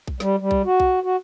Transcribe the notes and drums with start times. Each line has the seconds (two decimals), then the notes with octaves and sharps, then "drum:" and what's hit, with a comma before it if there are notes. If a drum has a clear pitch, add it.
0.07 drum: kick B1
0.20 G3, drum: snare
0.40 G3
0.51 drum: kick B1
0.65 F#4
0.80 drum: kick B1
1.04 F#4